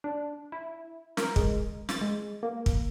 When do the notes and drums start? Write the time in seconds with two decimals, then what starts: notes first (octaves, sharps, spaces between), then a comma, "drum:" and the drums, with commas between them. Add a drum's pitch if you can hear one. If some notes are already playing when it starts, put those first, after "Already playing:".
0.04 D4
0.52 E4
1.17 A#4, drum: snare
1.36 G#3, drum: kick
1.89 A6, drum: snare
2.01 G#3
2.43 A#3
2.66 drum: kick